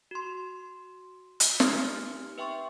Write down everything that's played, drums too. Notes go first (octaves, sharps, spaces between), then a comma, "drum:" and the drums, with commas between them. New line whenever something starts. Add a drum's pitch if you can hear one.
F#4 C6
drum: hi-hat
D#4 G4 F6, drum: snare
B4 E5 G5 C6 C#6